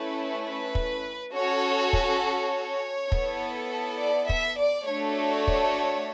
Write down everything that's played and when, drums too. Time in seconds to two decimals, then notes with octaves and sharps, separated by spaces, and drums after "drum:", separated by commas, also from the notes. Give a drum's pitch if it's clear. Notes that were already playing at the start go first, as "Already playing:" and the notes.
Already playing: A3 C#4 E4 B4
0.46 B4
0.75 drum: kick
1.34 C#4 F#4 A4 C#5
1.93 drum: kick
2.23 C#5
3.12 B3 E4 A4, drum: kick
3.99 D5
4.29 E5, drum: kick
4.59 D5
4.89 A3 D4 F#4 A4 C#5
5.47 drum: kick